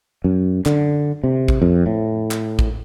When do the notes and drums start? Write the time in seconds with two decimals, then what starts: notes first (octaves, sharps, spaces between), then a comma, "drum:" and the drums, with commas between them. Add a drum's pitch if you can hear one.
0.24 F#2
0.66 D3, drum: clap
1.24 C3
1.48 drum: kick A1
1.62 F2
1.86 A2
2.31 drum: clap
2.59 drum: kick A1